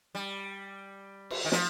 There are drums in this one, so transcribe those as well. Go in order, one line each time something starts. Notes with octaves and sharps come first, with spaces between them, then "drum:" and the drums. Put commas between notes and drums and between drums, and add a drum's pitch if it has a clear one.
G3
drum: cymbal
D#3
F3, drum: snare